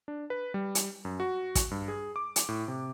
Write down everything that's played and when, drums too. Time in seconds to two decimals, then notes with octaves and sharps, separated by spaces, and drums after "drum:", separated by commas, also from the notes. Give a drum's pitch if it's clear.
0.08 D4
0.30 B4
0.54 G3
0.75 drum: hi-hat
1.05 F#2
1.20 F#4
1.55 drum: kick, hi-hat
1.71 G2
1.88 G#4
2.16 D6
2.36 drum: hi-hat
2.49 A2
2.68 C3